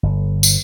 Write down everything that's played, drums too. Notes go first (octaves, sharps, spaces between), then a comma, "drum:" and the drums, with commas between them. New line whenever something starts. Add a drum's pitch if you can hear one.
G1
drum: tambourine